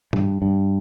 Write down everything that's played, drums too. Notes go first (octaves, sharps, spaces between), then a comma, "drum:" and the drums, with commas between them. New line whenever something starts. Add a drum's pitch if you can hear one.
G2, drum: tom
G2